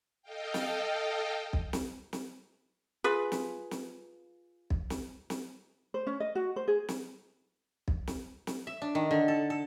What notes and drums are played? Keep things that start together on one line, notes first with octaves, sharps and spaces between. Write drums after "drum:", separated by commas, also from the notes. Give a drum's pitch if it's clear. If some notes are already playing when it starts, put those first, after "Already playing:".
A4 D#5 F5 G5
drum: snare
drum: kick
drum: snare
drum: snare
F4 G#4 B4
drum: snare
drum: snare
drum: kick
drum: snare
drum: snare
C5
C#4
D#5
F#4
C5
G#4
drum: snare
drum: kick
drum: snare
drum: snare
E5
D4
D#3
D3
A4
A4